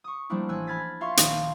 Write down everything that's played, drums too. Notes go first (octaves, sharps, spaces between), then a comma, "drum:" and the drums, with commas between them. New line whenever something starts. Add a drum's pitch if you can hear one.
C#6 D#6
F3 G3 A3 A#3 D4 E4
A1 G#5 E6 F#6
B5 F6 G#6 A6 B6
F4 E5 F5 C6 C#6
A#1 D#3, drum: hi-hat